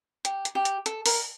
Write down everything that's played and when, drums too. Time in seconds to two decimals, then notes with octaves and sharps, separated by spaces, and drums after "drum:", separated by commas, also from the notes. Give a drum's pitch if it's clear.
0.25 G4, drum: hi-hat
0.45 drum: hi-hat
0.55 G4
0.65 drum: hi-hat
0.86 A4, drum: hi-hat
1.06 A#4, drum: open hi-hat